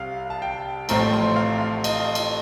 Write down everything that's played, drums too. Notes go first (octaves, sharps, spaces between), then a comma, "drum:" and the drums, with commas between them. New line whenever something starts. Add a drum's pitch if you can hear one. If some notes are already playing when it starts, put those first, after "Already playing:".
Already playing: C2 C3 F5
A5
G5
A1 A2 F3 A3 C4 A#5, drum: cymbal
C6
F5
F5
D#5, drum: cymbal
drum: cymbal